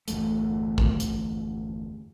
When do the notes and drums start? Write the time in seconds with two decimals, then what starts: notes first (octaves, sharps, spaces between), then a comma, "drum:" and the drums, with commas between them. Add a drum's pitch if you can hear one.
0.08 G1 E2 A3, drum: hi-hat
0.78 drum: kick
1.00 drum: hi-hat